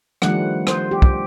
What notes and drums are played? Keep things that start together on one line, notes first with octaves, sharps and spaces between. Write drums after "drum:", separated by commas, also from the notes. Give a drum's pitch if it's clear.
D#3 F3 G3 A3 D4 F#5, drum: rim click
C5, drum: rim click
G4
drum: kick